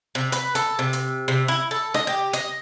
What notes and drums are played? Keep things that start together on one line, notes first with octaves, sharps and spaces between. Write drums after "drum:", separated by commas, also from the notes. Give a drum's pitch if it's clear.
C3
B4, drum: hi-hat
A4, drum: hi-hat
C3
drum: hi-hat
C3
E4
A4
D#5, drum: rim click
G4
D#5, drum: hi-hat